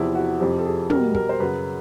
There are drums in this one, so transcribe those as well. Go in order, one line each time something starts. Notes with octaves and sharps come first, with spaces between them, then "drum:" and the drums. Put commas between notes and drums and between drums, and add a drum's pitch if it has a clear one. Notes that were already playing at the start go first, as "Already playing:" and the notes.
Already playing: E2 C3 F3 E4
F#4
F2 C3 F3 G4
A4
G#4
B2 G3 A#4, drum: tom
A#4, drum: kick
C5
F#2 C#3 F#3 B4